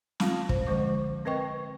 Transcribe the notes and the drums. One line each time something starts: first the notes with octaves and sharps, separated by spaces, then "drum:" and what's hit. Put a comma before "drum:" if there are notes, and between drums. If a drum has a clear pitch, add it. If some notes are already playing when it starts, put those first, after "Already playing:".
C4 F4 F5 A5, drum: snare
C5, drum: kick
D3 F3 G#3 C5 C#6 D6
C4 A#4 B4 D#5 G5 C#6